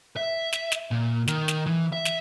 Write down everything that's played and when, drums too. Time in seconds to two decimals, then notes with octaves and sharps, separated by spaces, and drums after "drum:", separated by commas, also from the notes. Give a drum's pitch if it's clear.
0.16 E5
0.53 drum: snare
0.72 drum: snare
0.91 A#2
1.28 D#3, drum: snare
1.48 drum: snare
1.66 E3
1.92 E5
2.05 drum: snare